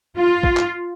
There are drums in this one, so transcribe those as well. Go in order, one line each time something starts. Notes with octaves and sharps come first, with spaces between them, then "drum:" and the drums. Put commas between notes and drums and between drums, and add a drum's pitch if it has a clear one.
F4
drum: kick
drum: clap